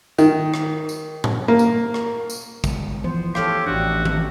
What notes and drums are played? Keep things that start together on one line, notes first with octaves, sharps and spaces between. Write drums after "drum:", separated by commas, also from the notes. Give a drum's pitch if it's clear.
D#3, drum: tambourine
drum: rim click
drum: tambourine
drum: tom A2
A#3
drum: tambourine
drum: rim click
drum: tambourine
D3 G#3 B3, drum: kick, tambourine
E3 F3 B3 C5
G4 A4 C#5 F5, drum: rim click
A1 D4 F#4 G4
drum: tom D#3